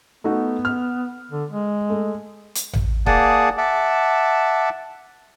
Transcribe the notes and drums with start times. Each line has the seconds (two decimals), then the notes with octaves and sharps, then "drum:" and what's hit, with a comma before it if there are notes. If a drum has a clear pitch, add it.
0.24 A3 B3 D#4 F#4
0.65 F6
1.31 D3
1.50 G#3
1.90 A3
2.55 drum: hi-hat
2.73 drum: tom A1
3.06 A#3 G#4 D5 F#5 A5 D#6, drum: kick
3.58 E5 F#5 A5 D6